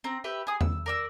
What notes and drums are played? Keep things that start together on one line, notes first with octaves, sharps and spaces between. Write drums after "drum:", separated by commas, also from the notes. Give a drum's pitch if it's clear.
C4 A#5
G4 B4 E5
G#4 D#6
E6, drum: tom E2
A#4 D5 E6